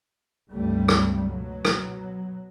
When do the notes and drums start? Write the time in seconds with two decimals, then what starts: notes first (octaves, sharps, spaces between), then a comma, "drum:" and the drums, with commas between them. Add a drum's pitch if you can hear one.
0.50 C#2 G2 C3 G3 A3
0.88 drum: rim click
1.28 B2 F#3
1.65 drum: rim click